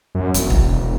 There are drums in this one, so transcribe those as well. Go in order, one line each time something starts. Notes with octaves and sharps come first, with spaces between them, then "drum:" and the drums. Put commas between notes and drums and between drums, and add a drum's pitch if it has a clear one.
F#2
E1, drum: hi-hat
drum: kick
E1